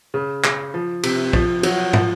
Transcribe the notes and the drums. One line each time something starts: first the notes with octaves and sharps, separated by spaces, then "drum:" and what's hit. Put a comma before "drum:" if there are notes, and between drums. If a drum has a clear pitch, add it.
C#3
C#3, drum: clap
F3
C3, drum: cymbal
F3, drum: kick
F#3, drum: cymbal
F3, drum: tom